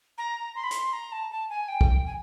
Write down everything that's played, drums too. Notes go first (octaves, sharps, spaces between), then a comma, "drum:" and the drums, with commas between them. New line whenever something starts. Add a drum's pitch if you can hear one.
A#5
C6
B5
C6, drum: hi-hat
A#5
A5
A5
G#5
G5
drum: kick
G#5